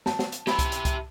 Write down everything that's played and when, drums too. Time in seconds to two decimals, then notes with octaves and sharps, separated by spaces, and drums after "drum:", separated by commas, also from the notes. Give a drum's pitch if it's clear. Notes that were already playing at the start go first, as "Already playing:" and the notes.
0.06 A5, drum: snare
0.19 drum: snare
0.32 drum: hi-hat
0.47 B3 E4 G4 E5, drum: snare
0.59 drum: kick C2, hi-hat
0.72 drum: hi-hat
0.85 drum: kick C2, hi-hat